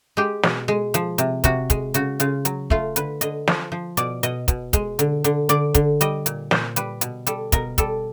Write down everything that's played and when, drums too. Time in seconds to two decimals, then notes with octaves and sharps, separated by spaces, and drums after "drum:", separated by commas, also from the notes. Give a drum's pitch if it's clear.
0.17 G#3 G4
0.43 B2, drum: snare
0.68 G#3
0.94 F3, drum: hi-hat
1.18 C3, drum: hi-hat
1.44 C3 F#4, drum: kick, hi-hat
1.70 G#3, drum: kick, hi-hat
1.94 C#3 F#4, drum: hi-hat
2.20 C#3 F4, drum: hi-hat
2.45 F#3, drum: hi-hat
2.70 A3 F4, drum: kick
2.96 D3 B4, drum: hi-hat
3.21 D3 D#5, drum: hi-hat
3.48 F3, drum: snare
3.72 F3
3.97 B2 D5, drum: hi-hat
4.23 B2 D#5, drum: hi-hat
4.48 B2, drum: kick, hi-hat
4.73 G#3, drum: kick, hi-hat
4.99 D3, drum: hi-hat
5.24 D3, drum: hi-hat
5.49 D3 D5, drum: hi-hat
5.74 D3, drum: kick, hi-hat
6.01 G3 D#5, drum: hi-hat
6.26 A#2, drum: hi-hat
6.51 A#2 C5, drum: snare
6.76 G3 B4, drum: hi-hat
7.01 B2, drum: hi-hat
7.27 G3 A4, drum: hi-hat
7.52 B2 A#4, drum: kick, hi-hat
7.78 G3 A4, drum: kick, hi-hat